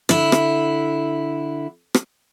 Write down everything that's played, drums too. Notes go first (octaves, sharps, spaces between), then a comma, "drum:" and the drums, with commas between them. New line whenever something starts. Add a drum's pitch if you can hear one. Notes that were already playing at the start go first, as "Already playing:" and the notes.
D3 E4, drum: rim click
drum: rim click
drum: rim click